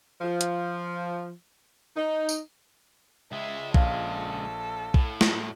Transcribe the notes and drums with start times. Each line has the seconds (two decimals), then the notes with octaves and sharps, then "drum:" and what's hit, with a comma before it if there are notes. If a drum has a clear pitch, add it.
0.21 F3
0.41 drum: hi-hat
1.97 D#4
2.29 drum: tambourine
3.32 C#2 G#3 E5
3.74 A#1 A4 F5, drum: kick
4.94 A2, drum: kick
5.21 drum: snare